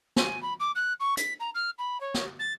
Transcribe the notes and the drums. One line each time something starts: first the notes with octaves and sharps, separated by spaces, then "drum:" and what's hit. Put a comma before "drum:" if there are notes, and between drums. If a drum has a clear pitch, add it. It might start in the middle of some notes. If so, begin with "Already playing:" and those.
G#5, drum: snare
B5
D6
F#6
C#6
B6, drum: hi-hat
A#5
F6
B5
C#5
drum: snare
A6